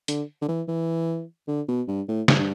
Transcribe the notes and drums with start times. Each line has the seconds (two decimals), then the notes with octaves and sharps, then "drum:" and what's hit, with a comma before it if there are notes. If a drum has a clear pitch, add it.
0.08 D3, drum: hi-hat
0.42 D3
0.48 E3
0.68 E3
1.47 D3
1.68 B2
1.88 G2
2.08 A2
2.28 G2, drum: snare